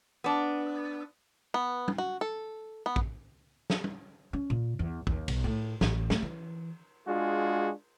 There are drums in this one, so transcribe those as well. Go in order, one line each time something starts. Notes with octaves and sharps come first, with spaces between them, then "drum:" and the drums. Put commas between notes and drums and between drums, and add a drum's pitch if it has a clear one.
B3 D4
B3
drum: tom
F#4
A4
B3
drum: kick
drum: snare
drum: tom
C#4
A#2
E2
D#2, drum: kick
B1, drum: cymbal
A2
A1, drum: snare
A3, drum: snare
E3
G#3 D4 F4 F#4 G#4